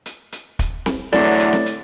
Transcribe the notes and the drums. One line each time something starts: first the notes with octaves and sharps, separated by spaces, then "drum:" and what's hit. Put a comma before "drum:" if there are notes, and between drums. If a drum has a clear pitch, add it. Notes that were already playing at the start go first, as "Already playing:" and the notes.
drum: hi-hat
drum: hi-hat
drum: kick, hi-hat
drum: snare C4
E2 A2 D3 F#3 D5, drum: snare C4
drum: hi-hat
drum: snare C4
drum: hi-hat